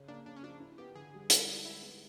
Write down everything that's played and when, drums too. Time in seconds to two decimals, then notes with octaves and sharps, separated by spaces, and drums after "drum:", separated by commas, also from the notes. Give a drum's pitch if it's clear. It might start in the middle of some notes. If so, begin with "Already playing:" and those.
Already playing: C#3
0.08 A#3 D4
0.25 C#3 D4
0.36 C#4
0.43 F3 D4
0.60 E4
0.78 B3 G4
0.95 D3 G#4
1.14 G3
1.30 G#3, drum: hi-hat
1.48 D#4
1.65 G#3 E4
1.82 B3